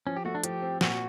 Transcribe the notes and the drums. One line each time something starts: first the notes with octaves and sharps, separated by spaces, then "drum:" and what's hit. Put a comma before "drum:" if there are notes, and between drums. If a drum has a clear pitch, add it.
F3 C#4
G4
A3 F#4
D4
F3 G4, drum: hi-hat
C4
A#2 F#4, drum: snare